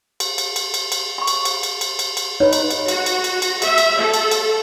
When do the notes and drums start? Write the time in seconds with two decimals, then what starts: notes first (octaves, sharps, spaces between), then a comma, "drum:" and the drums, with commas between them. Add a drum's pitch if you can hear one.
0.20 drum: cymbal
0.38 drum: cymbal
0.56 drum: cymbal
0.74 drum: cymbal
0.92 drum: cymbal
1.18 B5 C#6
1.27 drum: cymbal
1.45 drum: cymbal
1.63 drum: cymbal
1.81 drum: cymbal
1.99 drum: cymbal
2.17 drum: cymbal
2.40 D#4 B4 C#5
2.53 drum: cymbal
2.71 drum: cymbal
2.88 F#4, drum: cymbal
3.06 drum: cymbal
3.24 drum: cymbal
3.42 drum: cymbal
3.62 E5, drum: cymbal
3.78 drum: cymbal
3.99 A4
4.14 drum: cymbal
4.31 drum: cymbal